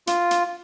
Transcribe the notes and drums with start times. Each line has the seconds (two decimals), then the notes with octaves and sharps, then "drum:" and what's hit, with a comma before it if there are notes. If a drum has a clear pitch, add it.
0.07 F4, drum: hi-hat
0.31 drum: hi-hat